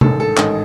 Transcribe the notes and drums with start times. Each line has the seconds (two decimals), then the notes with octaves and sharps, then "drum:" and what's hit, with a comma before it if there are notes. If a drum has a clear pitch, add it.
0.01 A1 G#2 D#3 A4, drum: tom C3
0.20 A4
0.37 A1 G#2 D#3 D#5, drum: clap